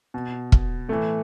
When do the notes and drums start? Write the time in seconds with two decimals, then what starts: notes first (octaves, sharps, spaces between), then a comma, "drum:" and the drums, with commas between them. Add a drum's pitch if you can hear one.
0.14 B2
0.52 drum: kick
0.89 A2 E3 A3